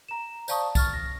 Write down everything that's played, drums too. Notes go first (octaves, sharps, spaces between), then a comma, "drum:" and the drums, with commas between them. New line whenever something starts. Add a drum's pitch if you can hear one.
A#5 E7
C5 D5 F5 A5 C#6 D#6, drum: tambourine
C#6 F6 A6, drum: kick B1, tambourine
A#6